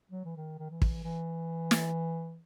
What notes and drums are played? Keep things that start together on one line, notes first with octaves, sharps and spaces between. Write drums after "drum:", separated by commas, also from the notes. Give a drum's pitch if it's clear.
F#3
E3
D#3
D#3
E3
drum: kick
E3
drum: snare